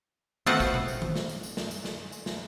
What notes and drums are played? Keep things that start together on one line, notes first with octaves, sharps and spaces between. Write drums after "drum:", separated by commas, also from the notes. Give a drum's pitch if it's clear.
A3 B3 C4 F4 F#4 F#5, drum: tom D#3
drum: kick, tambourine
drum: tom A#2
drum: tambourine
drum: tom D#3
drum: snare
drum: tambourine
drum: tambourine
drum: snare
drum: tambourine
drum: snare
drum: tambourine
drum: snare